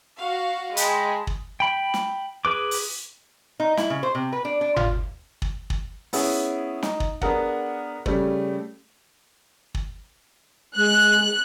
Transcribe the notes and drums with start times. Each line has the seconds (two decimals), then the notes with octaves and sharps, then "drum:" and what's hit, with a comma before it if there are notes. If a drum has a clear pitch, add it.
0.18 F#4 F5
0.77 G#3 G5 A5 B5, drum: hi-hat
1.27 drum: kick
1.60 G5 B5
1.94 drum: snare
2.45 G#4 B4 D6
2.71 drum: open hi-hat
3.60 D#4
3.77 E4, drum: snare
3.90 C#3
4.03 C5
4.15 C3
4.33 B4
4.45 D4
4.61 D4
4.76 F4, drum: tom G1
5.42 drum: kick
5.70 drum: kick
6.13 B3 C#4 E4 G#4, drum: open hi-hat
6.83 D#4, drum: snare
7.00 drum: kick
7.21 B3 D4 G#4 A#4 F#5, drum: kick
8.06 C#3 G3 A3, drum: kick
9.74 drum: kick
10.76 G#3 F#6